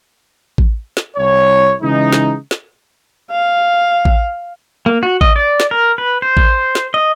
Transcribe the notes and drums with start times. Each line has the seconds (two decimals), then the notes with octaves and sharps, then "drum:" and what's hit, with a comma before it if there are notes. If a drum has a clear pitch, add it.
0.58 drum: kick A1
0.97 drum: snare
1.17 C2 C#5
1.82 C#3 E3 G#3 D#4
2.12 drum: snare
2.51 drum: snare
3.31 F5
4.05 drum: kick A1
4.86 A#3
5.03 F#4
5.21 D#5, drum: kick A1
5.36 D5
5.60 drum: snare
5.71 A#4
5.98 B4
6.22 C5
6.37 drum: kick A1
6.75 drum: snare
6.94 D#5